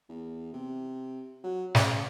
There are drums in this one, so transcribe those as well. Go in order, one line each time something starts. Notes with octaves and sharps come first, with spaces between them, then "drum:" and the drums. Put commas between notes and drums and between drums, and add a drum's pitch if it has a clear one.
E2
C3
F#3
C#3, drum: snare